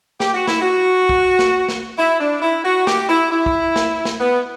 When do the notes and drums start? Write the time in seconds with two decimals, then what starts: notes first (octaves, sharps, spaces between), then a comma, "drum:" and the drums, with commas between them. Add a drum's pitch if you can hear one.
0.20 G4, drum: snare
0.34 F#4
0.48 E4, drum: snare
0.62 F#4
1.09 drum: kick
1.39 drum: snare
1.69 drum: snare
1.98 E4
2.20 D4
2.42 E4
2.64 F#4
2.87 G4, drum: snare
3.09 E4
3.31 E4
3.46 drum: kick
3.76 drum: snare
4.05 drum: snare
4.20 B3